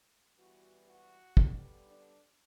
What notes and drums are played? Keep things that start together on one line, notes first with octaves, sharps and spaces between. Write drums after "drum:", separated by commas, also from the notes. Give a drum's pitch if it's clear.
E3 G3 B3 F#4
F#4
D3 G3 B3, drum: kick
D4